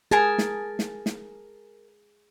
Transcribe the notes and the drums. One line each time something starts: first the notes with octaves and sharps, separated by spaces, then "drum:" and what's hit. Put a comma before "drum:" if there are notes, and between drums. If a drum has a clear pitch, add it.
G#4 A#4 G#5 A5
drum: snare
drum: snare
drum: snare